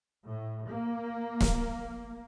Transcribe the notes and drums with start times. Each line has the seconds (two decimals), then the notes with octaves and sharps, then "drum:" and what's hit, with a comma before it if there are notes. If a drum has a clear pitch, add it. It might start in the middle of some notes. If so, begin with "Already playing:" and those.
0.25 A2
0.68 A#3
1.41 drum: snare